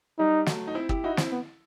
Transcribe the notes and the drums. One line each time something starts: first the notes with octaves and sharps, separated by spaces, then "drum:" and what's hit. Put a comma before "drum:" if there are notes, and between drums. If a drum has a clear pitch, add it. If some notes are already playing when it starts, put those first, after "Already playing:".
G3 D#4
F#3 A3, drum: snare
D#4
C4 E4
E4 G4, drum: kick
D#4 E4 F#4
C4 E4, drum: snare
B3